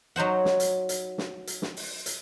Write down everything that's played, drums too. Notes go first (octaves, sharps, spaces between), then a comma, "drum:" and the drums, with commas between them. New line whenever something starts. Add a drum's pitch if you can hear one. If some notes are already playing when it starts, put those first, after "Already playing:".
F#3 D#4 C5 F#5
drum: snare
drum: hi-hat
drum: hi-hat
drum: snare
drum: hi-hat
drum: snare
drum: open hi-hat
drum: hi-hat